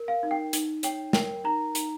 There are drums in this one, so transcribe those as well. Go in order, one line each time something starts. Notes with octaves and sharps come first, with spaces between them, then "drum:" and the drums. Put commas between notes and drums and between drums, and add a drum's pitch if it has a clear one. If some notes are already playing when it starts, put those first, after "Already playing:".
Already playing: A#4
F5
D#4
G5
D#4, drum: hi-hat
C#5 G5, drum: hi-hat
A#4 G5, drum: snare
D#4 A#5
D#4, drum: hi-hat